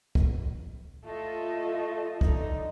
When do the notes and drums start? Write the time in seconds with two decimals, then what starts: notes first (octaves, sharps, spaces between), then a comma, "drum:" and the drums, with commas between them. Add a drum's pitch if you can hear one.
0.15 drum: kick
1.05 A3 F4 A4 D#5
2.21 D3 D#4, drum: kick